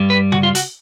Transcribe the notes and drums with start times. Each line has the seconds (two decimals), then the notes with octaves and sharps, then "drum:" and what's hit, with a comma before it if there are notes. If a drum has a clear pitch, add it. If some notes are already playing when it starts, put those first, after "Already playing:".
Already playing: G2 G3
0.10 B4
0.32 F#4, drum: tom C#3
0.43 F4
0.55 F#4, drum: hi-hat